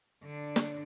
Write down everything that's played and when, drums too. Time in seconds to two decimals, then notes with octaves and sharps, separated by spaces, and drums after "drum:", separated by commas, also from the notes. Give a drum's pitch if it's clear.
0.23 D3 D4
0.56 drum: snare